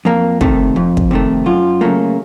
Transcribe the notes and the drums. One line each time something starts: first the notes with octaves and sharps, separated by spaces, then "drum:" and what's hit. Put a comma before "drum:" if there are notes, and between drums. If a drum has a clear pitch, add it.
F2 A#3
C3 D#3 A3, drum: kick
F2
drum: kick
C3 D#3 A3
F#2 F4
C#3 F#3 A3 A#3